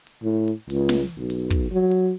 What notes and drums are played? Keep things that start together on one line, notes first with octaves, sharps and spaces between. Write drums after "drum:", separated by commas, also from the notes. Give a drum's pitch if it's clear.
drum: hi-hat
A2
drum: hi-hat
C#2, drum: open hi-hat
drum: snare
B1
drum: open hi-hat
drum: kick, hi-hat
F#3
drum: hi-hat